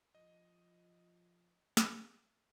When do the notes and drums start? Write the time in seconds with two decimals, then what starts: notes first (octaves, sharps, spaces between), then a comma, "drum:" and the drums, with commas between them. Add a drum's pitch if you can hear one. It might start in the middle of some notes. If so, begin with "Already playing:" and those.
0.15 F3 D#5
1.77 drum: snare